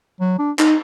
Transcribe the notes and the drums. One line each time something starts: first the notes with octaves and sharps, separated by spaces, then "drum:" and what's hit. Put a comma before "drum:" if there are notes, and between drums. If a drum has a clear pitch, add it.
F#3
D4
D#4, drum: clap